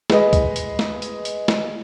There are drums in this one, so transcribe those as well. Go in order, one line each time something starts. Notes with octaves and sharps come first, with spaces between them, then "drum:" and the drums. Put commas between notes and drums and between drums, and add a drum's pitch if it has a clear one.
G#3 G#4 B4 D#5, drum: snare
drum: kick, hi-hat
drum: hi-hat
drum: snare
drum: hi-hat
drum: hi-hat
drum: snare